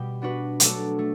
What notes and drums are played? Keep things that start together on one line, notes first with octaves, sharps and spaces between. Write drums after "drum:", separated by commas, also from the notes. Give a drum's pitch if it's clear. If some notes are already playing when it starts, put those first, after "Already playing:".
Already playing: B2 G3 G4
B3 D4 F#4 B4
F#3 A3 D4 A4, drum: hi-hat
A3